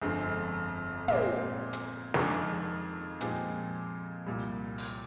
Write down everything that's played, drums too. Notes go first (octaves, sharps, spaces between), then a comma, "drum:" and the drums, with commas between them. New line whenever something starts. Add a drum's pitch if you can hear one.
G1 F2 D3 G#3 C4
A#2 G#3 C4 G4, drum: tom
drum: hi-hat
F2 D#3 G#3 D4, drum: snare
A#2 F3 G#3 C4 G4, drum: hi-hat
C2 A#2 G3
drum: open hi-hat